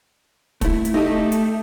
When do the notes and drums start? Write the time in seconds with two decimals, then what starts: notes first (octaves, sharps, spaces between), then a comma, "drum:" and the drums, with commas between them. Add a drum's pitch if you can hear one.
0.61 A3 E4, drum: kick, hi-hat
0.85 drum: hi-hat
0.94 A3 D#4 G4 D#5
1.32 drum: hi-hat